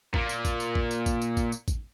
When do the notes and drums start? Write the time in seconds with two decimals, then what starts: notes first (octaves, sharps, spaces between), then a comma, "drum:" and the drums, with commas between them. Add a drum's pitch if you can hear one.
0.14 A#2 A#3, drum: kick A1
0.29 drum: tambourine
0.45 drum: kick A1, tambourine
0.60 drum: tambourine
0.75 drum: kick A1
0.91 drum: tambourine
1.06 drum: kick A1, tambourine
1.22 drum: tambourine
1.37 drum: kick A1, tambourine
1.52 drum: tambourine
1.68 drum: kick A1, tambourine